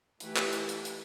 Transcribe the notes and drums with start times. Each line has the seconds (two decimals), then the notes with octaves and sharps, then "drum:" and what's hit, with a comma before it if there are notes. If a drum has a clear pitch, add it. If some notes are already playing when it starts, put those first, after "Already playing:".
0.20 E3 A3 E4 G4 B4, drum: hi-hat
0.36 drum: clap
0.53 drum: hi-hat
0.69 drum: hi-hat
0.85 drum: hi-hat